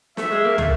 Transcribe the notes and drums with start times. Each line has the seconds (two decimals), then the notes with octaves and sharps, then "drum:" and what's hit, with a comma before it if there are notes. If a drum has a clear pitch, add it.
0.17 A3 E5, drum: snare
0.31 G#3
0.44 A#3
0.58 A3, drum: tom